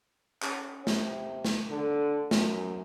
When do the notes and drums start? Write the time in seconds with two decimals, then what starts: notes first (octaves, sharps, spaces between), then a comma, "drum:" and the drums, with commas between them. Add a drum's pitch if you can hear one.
0.42 C#4, drum: clap
0.87 C3, drum: snare
1.45 drum: snare
1.70 D3
2.31 F#2, drum: snare